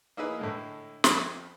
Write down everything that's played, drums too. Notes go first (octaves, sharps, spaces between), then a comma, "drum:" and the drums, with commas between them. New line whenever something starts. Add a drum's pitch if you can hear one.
A#3 D#4 E4 G#4 B4
A2 D3 G#3
F2 F3 B5, drum: snare